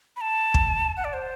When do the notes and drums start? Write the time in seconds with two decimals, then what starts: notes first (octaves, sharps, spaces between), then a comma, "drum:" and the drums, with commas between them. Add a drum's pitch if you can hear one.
0.16 B5
0.21 A5
0.54 drum: kick
0.97 F#5
1.05 D5
1.13 C5